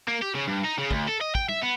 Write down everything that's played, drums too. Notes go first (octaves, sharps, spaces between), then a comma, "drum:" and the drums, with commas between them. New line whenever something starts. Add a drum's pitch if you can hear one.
A#3
G4
C#3
G2
D#4
C#3
D2, drum: kick
A4
D#5
G5, drum: kick
E5, drum: tom G3
B3